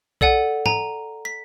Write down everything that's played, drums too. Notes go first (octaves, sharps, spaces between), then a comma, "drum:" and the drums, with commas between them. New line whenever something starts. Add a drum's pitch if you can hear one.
A4 D5 F#5 G#5, drum: kick B1
G#5 A#5, drum: tom
B6